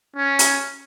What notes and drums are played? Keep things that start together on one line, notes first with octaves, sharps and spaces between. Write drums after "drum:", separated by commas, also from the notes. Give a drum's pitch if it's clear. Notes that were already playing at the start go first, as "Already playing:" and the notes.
C#4
drum: hi-hat